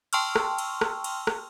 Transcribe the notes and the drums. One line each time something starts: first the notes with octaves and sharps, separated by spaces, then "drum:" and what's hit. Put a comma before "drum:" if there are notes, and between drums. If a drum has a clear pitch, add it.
G5 A5 C6 C#6 E6 F6, drum: cymbal
drum: rim click
drum: cymbal
drum: rim click
drum: cymbal
drum: rim click